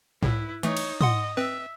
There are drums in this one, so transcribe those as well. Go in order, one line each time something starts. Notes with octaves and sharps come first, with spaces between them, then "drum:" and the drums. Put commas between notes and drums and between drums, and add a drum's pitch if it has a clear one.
C2 A2 E4 B4, drum: tom
E3 A3 D#4 C#5, drum: hi-hat
drum: cymbal
D#5 F#5 C6 D#6, drum: tom
C4 B4 E5